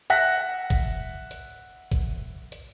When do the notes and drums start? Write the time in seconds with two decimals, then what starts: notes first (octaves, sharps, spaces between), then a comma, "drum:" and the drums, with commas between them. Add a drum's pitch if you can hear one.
0.10 E5 F#5 F#6 A#6 B6, drum: hi-hat
0.70 drum: kick A1, hi-hat
1.31 drum: hi-hat
1.91 drum: kick A1, hi-hat
2.52 drum: hi-hat